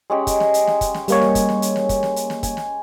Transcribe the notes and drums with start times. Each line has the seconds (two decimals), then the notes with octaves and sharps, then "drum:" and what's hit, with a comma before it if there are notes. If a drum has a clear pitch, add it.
0.10 G#3 C#4 G4
0.27 drum: kick, hi-hat
0.40 drum: snare
0.54 drum: hi-hat
0.67 drum: snare
0.81 drum: kick, hi-hat
0.94 drum: snare
1.08 G3 A#3 C#5, drum: hi-hat
1.22 drum: snare
1.35 drum: kick, hi-hat
1.49 drum: snare
1.62 drum: hi-hat
1.76 drum: snare
1.89 drum: kick, hi-hat
2.03 drum: snare
2.16 drum: hi-hat
2.30 drum: snare
2.43 G#5, drum: kick, hi-hat
2.57 drum: snare